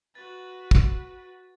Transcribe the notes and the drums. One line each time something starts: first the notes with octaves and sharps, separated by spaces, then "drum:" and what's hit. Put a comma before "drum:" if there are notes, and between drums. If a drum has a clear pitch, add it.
F#4 B4 A6
drum: kick